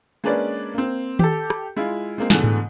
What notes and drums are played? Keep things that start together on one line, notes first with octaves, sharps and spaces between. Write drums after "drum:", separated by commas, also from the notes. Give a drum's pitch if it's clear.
G#3 A#3 C#4 D4 B4 D5
A#3 C4
G4 A4, drum: tom D#3
drum: rim click
G#3 E4 F4
G#3 A#3 C4
G#2 B2 D3 E3 A3, drum: snare
drum: tom G#2